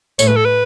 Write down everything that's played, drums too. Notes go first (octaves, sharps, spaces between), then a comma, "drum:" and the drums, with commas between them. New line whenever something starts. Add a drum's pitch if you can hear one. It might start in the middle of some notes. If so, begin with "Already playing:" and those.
A2 A3 C#5, drum: tambourine
B4
A4
B4